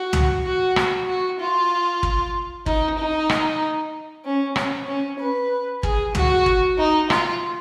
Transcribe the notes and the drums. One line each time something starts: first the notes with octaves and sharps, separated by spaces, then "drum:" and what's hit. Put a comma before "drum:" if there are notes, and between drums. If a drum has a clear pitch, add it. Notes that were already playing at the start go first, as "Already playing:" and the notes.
Already playing: F#4
drum: tom
F#4
drum: rim click
F#4
F4
drum: kick
D#4, drum: kick
D#4
drum: rim click
C#4
C#4, drum: rim click
C#4
B4
G#4, drum: kick
F#4, drum: tom
drum: kick
D#4
F4, drum: rim click